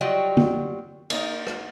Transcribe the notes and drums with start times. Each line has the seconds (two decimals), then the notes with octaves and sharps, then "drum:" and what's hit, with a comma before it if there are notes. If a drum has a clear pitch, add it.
0.01 F#3 G3 F4 F#4 D#5 G5
0.37 drum: tom
1.10 A#3 D#4 A#4, drum: cymbal
1.47 drum: rim click